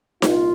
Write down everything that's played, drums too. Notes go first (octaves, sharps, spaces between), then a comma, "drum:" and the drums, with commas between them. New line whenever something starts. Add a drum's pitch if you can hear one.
C2 A#2 F4, drum: snare D#4